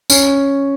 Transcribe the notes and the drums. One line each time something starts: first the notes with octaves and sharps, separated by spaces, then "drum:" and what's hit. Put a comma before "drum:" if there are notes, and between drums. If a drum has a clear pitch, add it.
C#4, drum: tambourine